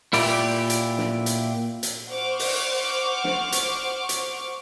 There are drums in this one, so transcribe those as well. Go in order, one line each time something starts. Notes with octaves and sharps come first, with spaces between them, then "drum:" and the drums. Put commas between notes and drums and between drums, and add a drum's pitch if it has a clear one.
A#2 E4 G4 D5, drum: open hi-hat
drum: hi-hat
drum: snare
drum: hi-hat
drum: hi-hat
C5 F#5 C#6 D6 F6
drum: open hi-hat
drum: snare
drum: hi-hat
drum: hi-hat